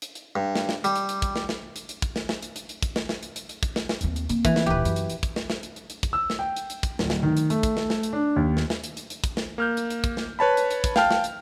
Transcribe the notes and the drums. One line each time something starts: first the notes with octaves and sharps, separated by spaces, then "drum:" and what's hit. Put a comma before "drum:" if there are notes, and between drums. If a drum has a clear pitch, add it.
drum: hi-hat
drum: hi-hat
G2
drum: snare
drum: snare
G3, drum: hi-hat
drum: hi-hat
drum: hi-hat
drum: kick, hi-hat
drum: snare
drum: snare
drum: hi-hat
drum: hi-hat
drum: kick, hi-hat
drum: snare
drum: snare
drum: hi-hat
drum: hi-hat
drum: hi-hat
drum: kick, hi-hat
drum: snare
drum: snare
drum: hi-hat
drum: hi-hat
drum: hi-hat
drum: kick, hi-hat
drum: snare
drum: snare
D#2 C4, drum: hi-hat
drum: hi-hat
A#3 C4, drum: hi-hat
E3, drum: kick, hi-hat
drum: snare
D1 A#1 G4 B4
F#2, drum: hi-hat
drum: hi-hat
drum: hi-hat
drum: kick, hi-hat
drum: snare
drum: snare
drum: hi-hat
drum: hi-hat
drum: hi-hat
drum: kick, hi-hat
E6
drum: snare
G5
drum: hi-hat
drum: hi-hat
drum: kick, hi-hat
D1, drum: snare
drum: snare
D#3
drum: hi-hat
A3, drum: hi-hat
drum: kick, hi-hat
drum: snare
drum: snare
drum: hi-hat
D4
D#2
drum: snare
drum: snare
drum: hi-hat
drum: hi-hat
drum: hi-hat
drum: kick, hi-hat
drum: snare
A#3 F6 G6
drum: hi-hat
drum: hi-hat
drum: kick, hi-hat
drum: snare
B4 C#5 A5 B5
drum: hi-hat
drum: hi-hat
drum: kick, hi-hat
F5 G5 A5 F6, drum: snare
drum: snare
drum: hi-hat